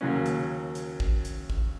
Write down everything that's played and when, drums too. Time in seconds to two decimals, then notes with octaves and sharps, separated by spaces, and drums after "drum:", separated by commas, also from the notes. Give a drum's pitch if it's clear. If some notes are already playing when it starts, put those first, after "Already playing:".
0.01 D#2 C#3 F#3 A#3 C#4
0.26 drum: hi-hat
0.75 drum: hi-hat
1.00 drum: kick A1
1.25 drum: hi-hat
1.50 drum: kick A1